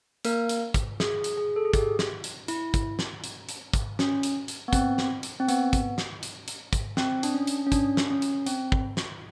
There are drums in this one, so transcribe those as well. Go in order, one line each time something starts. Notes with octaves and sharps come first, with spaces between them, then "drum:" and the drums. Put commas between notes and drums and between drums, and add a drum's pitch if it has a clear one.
A#3 A#4, drum: hi-hat
drum: hi-hat
drum: kick, hi-hat
G#4, drum: snare
drum: hi-hat
G#4
A4
G#4
G4, drum: kick, hi-hat
drum: snare
drum: hi-hat
E4, drum: hi-hat
drum: kick, hi-hat
drum: snare
drum: hi-hat
drum: hi-hat
drum: kick, hi-hat
C#4, drum: snare
drum: hi-hat
drum: hi-hat
B3
C4, drum: kick, hi-hat
drum: snare
drum: hi-hat
C4
B3, drum: hi-hat
drum: kick, hi-hat
drum: snare
drum: hi-hat
drum: hi-hat
drum: kick, hi-hat
C4, drum: snare
D4, drum: hi-hat
C#4
drum: hi-hat
C#4
D4, drum: kick, hi-hat
drum: snare
C#4
drum: hi-hat
C4, drum: hi-hat
drum: kick
drum: snare